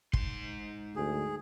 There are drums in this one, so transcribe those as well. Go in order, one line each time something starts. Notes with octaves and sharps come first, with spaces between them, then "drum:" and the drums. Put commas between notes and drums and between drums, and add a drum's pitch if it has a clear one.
G#2 C6, drum: kick
D2 G#4